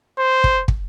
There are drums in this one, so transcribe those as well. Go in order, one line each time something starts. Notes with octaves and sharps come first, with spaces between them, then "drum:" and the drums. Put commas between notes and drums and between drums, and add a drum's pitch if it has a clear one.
C5
drum: kick
drum: kick